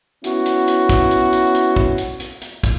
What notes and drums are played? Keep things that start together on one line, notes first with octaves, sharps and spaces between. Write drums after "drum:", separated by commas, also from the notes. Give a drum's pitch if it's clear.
B3 C#4 E4 F#4, drum: hi-hat
drum: hi-hat
drum: hi-hat
drum: kick, hi-hat
drum: hi-hat
drum: hi-hat
drum: hi-hat
drum: kick
drum: hi-hat
drum: hi-hat
drum: hi-hat
drum: kick, hi-hat